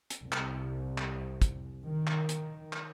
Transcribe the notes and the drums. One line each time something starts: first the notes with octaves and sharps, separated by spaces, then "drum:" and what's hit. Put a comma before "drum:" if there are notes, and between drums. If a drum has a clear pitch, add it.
drum: hi-hat
C2
drum: clap
drum: clap
drum: kick, hi-hat
D#3
drum: clap
drum: hi-hat
drum: clap